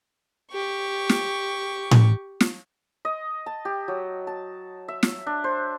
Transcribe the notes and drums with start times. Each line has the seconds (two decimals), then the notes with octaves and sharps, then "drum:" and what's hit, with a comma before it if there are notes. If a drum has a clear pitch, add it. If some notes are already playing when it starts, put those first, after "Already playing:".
0.52 G4 C#6
1.09 drum: snare
1.91 drum: tom A2
2.40 drum: snare
3.05 D#5
3.46 A5
3.65 G4
3.88 F#3
4.27 A5
4.88 E5
5.03 drum: snare
5.26 D4
5.44 C5